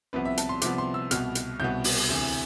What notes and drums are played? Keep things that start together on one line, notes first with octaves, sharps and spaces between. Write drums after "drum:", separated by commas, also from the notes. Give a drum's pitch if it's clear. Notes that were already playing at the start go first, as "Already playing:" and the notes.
C2 C3 F3 B3 B4
E5
A5, drum: hi-hat
C6
C2 C3 F3 B3 D6, drum: hi-hat
C6
E6
C2 B2 B3 F6, drum: hi-hat
drum: hi-hat
C2 B2 B3 G6
drum: open hi-hat
D2 C3 E3